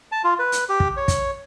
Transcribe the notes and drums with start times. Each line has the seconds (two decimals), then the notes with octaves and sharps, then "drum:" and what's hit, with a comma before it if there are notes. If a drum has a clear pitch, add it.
0.12 A5
0.24 F4
0.39 B4
0.52 drum: hi-hat
0.69 G4
0.80 drum: kick
0.97 C#5
1.08 drum: kick, hi-hat